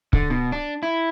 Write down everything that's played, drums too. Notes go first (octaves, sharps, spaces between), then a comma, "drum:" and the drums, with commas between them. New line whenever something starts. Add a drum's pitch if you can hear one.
D3, drum: kick C#1
B2
D4
E4